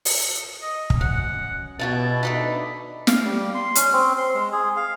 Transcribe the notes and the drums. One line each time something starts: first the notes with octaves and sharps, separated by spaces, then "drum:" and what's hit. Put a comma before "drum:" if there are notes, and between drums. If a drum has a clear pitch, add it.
drum: open hi-hat
D#5
drum: kick
F#2 F#5
B2 E4 F4 G4 A5
A3 D4 D#4 B5
F5, drum: snare
G3
C6
C#4, drum: hi-hat
C4
C6
G#3
G#4
F5